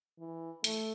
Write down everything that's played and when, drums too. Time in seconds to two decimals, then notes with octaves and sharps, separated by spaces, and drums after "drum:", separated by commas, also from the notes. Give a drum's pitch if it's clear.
0.19 E3
0.64 A3, drum: hi-hat